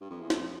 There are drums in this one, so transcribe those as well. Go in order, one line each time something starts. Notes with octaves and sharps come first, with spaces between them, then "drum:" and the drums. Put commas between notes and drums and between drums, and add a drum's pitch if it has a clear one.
G2
F2
E2
F2, drum: snare